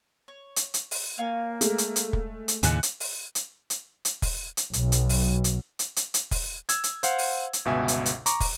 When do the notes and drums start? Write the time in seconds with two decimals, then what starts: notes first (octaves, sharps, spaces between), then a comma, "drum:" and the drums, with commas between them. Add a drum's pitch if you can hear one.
0.28 C#5
0.56 drum: hi-hat
0.74 drum: hi-hat
0.91 drum: open hi-hat
1.18 A#3 C#5 F5 G#5
1.61 G#3 A3, drum: hi-hat
1.78 drum: hi-hat
1.96 drum: hi-hat
2.13 drum: kick
2.48 drum: hi-hat
2.63 D#2 A2 C#3 F4 D#5 G#5 F#6 C#7, drum: hi-hat
2.83 drum: hi-hat
3.00 drum: open hi-hat
3.35 drum: hi-hat
3.70 drum: hi-hat
4.05 drum: hi-hat
4.22 drum: kick, open hi-hat
4.57 drum: hi-hat
4.73 B1, drum: hi-hat
4.92 drum: hi-hat
5.09 drum: open hi-hat
5.44 drum: hi-hat
5.79 drum: hi-hat
5.96 drum: hi-hat
6.14 drum: hi-hat
6.31 drum: kick, open hi-hat
6.69 E6 G#6, drum: hi-hat
6.84 drum: hi-hat
7.03 C5 F5 F#5, drum: hi-hat
7.18 drum: open hi-hat
7.53 drum: hi-hat
7.65 G1 C#2 B2 E5 G#5
7.88 drum: hi-hat
8.06 drum: hi-hat
8.26 A#5 C#6 D6, drum: hi-hat
8.40 drum: kick, open hi-hat